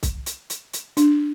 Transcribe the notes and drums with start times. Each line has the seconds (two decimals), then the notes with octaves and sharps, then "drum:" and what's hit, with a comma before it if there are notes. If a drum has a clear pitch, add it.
0.03 drum: kick C2, hi-hat
0.26 drum: hi-hat
0.50 drum: hi-hat
0.73 drum: hi-hat
0.97 D4, drum: hi-hat